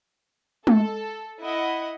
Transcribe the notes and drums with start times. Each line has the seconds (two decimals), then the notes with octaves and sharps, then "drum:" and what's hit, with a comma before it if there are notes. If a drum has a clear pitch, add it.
0.67 A4, drum: tom G#3
1.41 E4 D#5 F#5